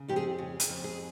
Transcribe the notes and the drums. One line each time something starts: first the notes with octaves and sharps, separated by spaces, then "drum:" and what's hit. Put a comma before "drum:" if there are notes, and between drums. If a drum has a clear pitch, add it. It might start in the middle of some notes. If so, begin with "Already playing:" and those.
Already playing: C#3
F2 G4
G#4
C#3
drum: hi-hat
F2
G#4